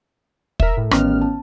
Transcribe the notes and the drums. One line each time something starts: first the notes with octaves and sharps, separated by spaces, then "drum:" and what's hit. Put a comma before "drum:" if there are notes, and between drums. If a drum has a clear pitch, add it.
A#4 E5, drum: kick
A2
A1 D#3 B3 C#4 F6, drum: rim click
A5